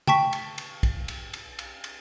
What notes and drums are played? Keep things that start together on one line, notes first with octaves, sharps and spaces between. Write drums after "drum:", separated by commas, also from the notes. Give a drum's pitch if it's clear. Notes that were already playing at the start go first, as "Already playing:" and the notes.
G5 A5 C#6 B6, drum: tom C#3
drum: cymbal
drum: cymbal
drum: kick, cymbal
drum: cymbal
drum: cymbal
drum: cymbal
drum: cymbal